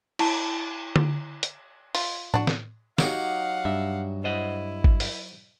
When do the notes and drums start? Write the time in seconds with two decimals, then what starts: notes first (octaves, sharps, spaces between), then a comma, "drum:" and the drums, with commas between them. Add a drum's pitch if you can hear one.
0.19 E4 A5, drum: cymbal
0.96 drum: tom D3
1.43 drum: hi-hat
1.95 F4, drum: open hi-hat
2.34 D4 F#4, drum: tom A2
2.47 drum: snare
2.98 F#3 D#4 G4 F5 F#5, drum: snare
3.65 G2 E5
4.24 E4 C5 D#5 F#5
4.84 drum: kick G#1
5.00 drum: open hi-hat